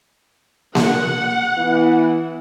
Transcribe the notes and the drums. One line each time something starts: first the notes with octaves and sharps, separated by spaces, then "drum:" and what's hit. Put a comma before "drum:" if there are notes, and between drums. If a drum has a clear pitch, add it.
F#5, drum: snare A#3
E3 B3 E4